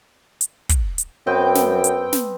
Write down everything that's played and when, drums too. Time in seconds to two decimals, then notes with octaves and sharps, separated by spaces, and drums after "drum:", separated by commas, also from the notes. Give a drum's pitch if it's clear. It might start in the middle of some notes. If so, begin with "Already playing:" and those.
0.41 drum: hi-hat
0.69 drum: kick, hi-hat
0.98 drum: hi-hat
1.27 F#2 B3 C4 B4 G5
1.55 drum: snare
1.84 drum: hi-hat
2.13 drum: snare